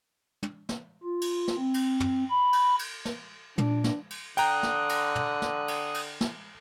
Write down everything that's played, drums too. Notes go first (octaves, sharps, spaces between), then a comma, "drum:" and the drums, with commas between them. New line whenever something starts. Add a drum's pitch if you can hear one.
drum: tom
drum: snare
F4
drum: cymbal
drum: snare
C4
drum: cymbal
drum: tom
B5
drum: cymbal
drum: cymbal
drum: snare
A#2 D4, drum: tom
drum: snare
drum: cymbal
D3 G5 A#5 D#6 F#6, drum: cymbal
drum: snare
drum: cymbal
drum: tom
drum: snare
drum: cymbal
drum: cymbal
drum: snare